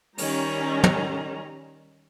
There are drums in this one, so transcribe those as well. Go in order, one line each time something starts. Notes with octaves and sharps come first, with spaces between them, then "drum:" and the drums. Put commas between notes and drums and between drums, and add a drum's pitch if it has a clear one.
D#3 G3 C#4 A#5, drum: open hi-hat
drum: tom